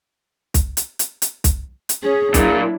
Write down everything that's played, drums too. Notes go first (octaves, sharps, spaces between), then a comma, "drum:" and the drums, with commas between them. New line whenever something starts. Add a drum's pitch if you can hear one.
drum: kick, hi-hat
drum: hi-hat
drum: hi-hat
drum: hi-hat
drum: kick, hi-hat
drum: hi-hat
C#4 G#4
A#2 F#3 D4 E4, drum: kick, hi-hat